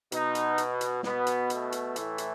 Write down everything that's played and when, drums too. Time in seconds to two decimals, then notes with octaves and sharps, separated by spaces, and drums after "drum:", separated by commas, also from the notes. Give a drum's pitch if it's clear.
0.12 B2 D#4, drum: hi-hat
0.35 drum: hi-hat
0.58 drum: hi-hat
0.81 drum: hi-hat
1.03 B2 B3, drum: snare
1.27 drum: hi-hat
1.50 A3, drum: hi-hat
1.72 drum: hi-hat
1.96 A2 E3, drum: hi-hat
2.18 drum: hi-hat